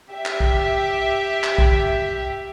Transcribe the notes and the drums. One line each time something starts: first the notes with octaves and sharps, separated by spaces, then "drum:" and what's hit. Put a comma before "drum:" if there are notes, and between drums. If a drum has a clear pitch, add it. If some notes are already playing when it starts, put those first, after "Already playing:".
G4 E5
drum: clap
drum: kick B1
drum: clap
drum: kick B1